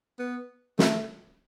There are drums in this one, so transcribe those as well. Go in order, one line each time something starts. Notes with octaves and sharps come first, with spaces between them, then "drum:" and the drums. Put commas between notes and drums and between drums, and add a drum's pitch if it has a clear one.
B3
A3, drum: snare